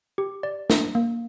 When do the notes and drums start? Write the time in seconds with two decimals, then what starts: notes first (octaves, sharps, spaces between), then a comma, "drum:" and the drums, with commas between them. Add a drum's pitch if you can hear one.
0.18 G4
0.43 D5
0.70 D4, drum: snare
0.95 A#3